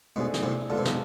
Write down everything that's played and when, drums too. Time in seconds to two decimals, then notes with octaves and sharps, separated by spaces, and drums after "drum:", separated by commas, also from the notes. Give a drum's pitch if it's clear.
0.16 G#2 B2 A3 D4 G#4
0.34 drum: snare
0.43 A2 C3
0.69 D3 G#3 B3 F4 A4
0.78 C3
0.85 B2, drum: snare